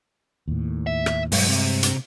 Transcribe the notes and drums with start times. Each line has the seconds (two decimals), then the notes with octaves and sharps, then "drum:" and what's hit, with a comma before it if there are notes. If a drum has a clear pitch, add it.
0.48 D#2 A2
0.87 E5
1.06 drum: rim click
1.32 G2 B2 F#3 G#3, drum: open hi-hat
1.49 C3
1.83 drum: hi-hat